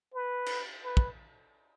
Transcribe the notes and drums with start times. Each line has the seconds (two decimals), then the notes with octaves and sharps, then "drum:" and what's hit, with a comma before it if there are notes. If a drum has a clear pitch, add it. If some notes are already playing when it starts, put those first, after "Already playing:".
0.14 B4
0.46 drum: cymbal
0.84 B4
0.97 drum: kick